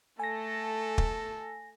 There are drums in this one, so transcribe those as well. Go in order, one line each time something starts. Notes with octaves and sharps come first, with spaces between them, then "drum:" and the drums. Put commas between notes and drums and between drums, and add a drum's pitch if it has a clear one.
A3 A4 G#5 A#6
drum: kick